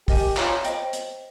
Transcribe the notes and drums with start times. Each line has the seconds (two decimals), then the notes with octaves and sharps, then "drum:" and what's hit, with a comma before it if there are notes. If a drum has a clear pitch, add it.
0.08 G4 A#4 D#5 G#5, drum: kick, open hi-hat
0.37 F4 C#5 F5 A#5, drum: clap
0.64 C5 D#5 G5, drum: hi-hat
0.93 drum: hi-hat